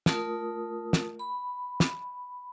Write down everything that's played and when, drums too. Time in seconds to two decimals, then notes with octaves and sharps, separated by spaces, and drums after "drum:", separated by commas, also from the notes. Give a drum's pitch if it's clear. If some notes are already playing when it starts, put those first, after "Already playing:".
0.06 A3 F4 A#4 D#6, drum: snare
0.93 drum: snare
1.19 B5
1.80 drum: snare